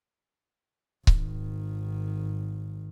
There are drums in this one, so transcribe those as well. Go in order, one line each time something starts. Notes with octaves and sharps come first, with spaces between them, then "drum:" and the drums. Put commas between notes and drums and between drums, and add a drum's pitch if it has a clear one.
G#1 D#3, drum: kick C#1